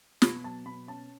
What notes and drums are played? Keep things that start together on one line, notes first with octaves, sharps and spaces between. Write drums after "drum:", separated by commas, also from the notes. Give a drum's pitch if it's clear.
B2 B5, drum: snare
F#3 A5
B2 B5
C#4 A5